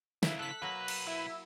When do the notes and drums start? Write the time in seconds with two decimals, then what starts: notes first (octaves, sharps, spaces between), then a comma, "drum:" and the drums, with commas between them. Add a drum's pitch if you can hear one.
0.23 C#3 E4 E5, drum: snare
0.39 A4 F#6 B6
0.62 B1 F#3 A#3 B4
0.88 drum: cymbal
1.07 E4 E5